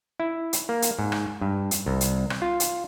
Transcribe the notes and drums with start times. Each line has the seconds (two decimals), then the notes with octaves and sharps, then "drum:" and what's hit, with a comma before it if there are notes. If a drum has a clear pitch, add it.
0.20 E4
0.53 drum: hi-hat
0.69 A#3
0.82 drum: hi-hat
0.99 G#2
1.12 drum: rim click
1.41 G2
1.71 drum: hi-hat
1.86 C2
2.01 drum: hi-hat
2.30 drum: rim click
2.42 F4
2.60 drum: hi-hat